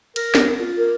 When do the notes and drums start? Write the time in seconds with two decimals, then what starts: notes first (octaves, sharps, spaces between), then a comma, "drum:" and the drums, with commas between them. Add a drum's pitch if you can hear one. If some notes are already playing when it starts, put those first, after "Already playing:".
0.16 A#4, drum: cymbal
0.35 drum: snare
0.60 F4
0.78 A#4